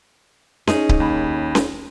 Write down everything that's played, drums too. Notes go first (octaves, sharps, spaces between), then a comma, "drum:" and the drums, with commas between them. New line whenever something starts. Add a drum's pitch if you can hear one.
C#4 D#4 G#4, drum: snare C#4
drum: kick C#1
D#2 B5
drum: snare C#4